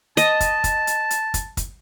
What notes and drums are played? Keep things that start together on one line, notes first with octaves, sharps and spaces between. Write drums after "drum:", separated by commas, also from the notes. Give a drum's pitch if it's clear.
D#5 A5, drum: hi-hat
drum: kick, hi-hat
drum: kick, hi-hat
drum: hi-hat
drum: hi-hat
drum: kick, hi-hat
drum: kick, hi-hat